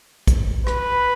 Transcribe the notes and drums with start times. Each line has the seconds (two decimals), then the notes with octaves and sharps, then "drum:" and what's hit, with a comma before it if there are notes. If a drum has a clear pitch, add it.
0.27 drum: kick A#1, hi-hat
0.67 B4, drum: rim click